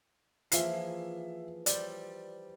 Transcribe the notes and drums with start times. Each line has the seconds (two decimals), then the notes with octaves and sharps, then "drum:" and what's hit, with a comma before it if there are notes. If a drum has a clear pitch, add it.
0.52 E3 F3 A#3 G#4 E5 C6 C7, drum: hi-hat
1.66 G3 C5 D5 E5, drum: hi-hat